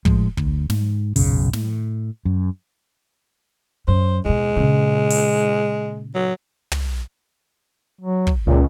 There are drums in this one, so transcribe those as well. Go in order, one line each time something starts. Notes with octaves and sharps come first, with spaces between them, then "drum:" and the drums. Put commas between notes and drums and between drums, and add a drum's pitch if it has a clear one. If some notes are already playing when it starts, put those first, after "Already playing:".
A2 F3 G#3, drum: kick
D2, drum: kick
G#2, drum: snare
D#1 B1 F#2 C#3, drum: open hi-hat
A2, drum: snare
F#2
F#2 C5
D#2 B2 G#3
A#2 C#3
drum: open hi-hat
F#3
drum: tom
F#3
drum: kick
C#2 A#2